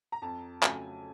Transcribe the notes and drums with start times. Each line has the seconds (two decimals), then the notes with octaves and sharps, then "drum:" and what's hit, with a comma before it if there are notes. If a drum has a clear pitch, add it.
0.12 A#5
0.22 F2 A5
0.63 C#3 F#3 A3 G#5, drum: clap